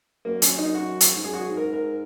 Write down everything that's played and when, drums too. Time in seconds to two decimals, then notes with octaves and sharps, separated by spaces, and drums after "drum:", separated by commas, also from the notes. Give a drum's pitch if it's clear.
0.25 F#2 A#3
0.42 C#4, drum: hi-hat
0.58 D#4
0.74 F#4
1.01 drum: hi-hat
1.16 G#2
1.24 F#2 G#4
1.33 F#4
1.40 G#4
1.49 G#2
1.57 A#4
1.73 A#4